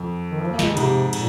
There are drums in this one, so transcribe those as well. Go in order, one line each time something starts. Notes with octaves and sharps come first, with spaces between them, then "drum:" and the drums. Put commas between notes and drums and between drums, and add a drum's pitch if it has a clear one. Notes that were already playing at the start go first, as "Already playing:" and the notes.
Already playing: F2
D#3
F3
A#3
G#3, drum: snare
D#3
G#2 C3, drum: cymbal
A#2, drum: cymbal